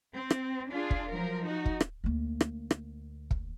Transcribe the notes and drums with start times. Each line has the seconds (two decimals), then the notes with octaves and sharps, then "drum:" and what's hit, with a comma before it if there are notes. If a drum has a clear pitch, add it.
0.15 C4
0.31 drum: rim click
0.71 D4 F4 G#4
0.91 drum: kick
1.12 F3 F#3 A#4
1.45 D#4 F#4
1.66 drum: kick
1.81 drum: rim click
2.04 D2 A#3
2.41 drum: rim click
2.71 drum: rim click
3.31 drum: kick